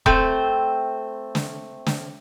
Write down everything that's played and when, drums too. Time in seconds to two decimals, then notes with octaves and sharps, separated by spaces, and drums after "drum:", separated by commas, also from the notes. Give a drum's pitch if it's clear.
0.06 A3 C4 C5, drum: kick E1
1.35 drum: snare
1.86 drum: snare